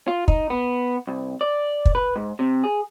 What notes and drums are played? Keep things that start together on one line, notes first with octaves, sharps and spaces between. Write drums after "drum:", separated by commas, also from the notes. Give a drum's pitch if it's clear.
F4
D#4, drum: kick
B3
C2
D5
drum: kick
B4
G#2
C3
G#4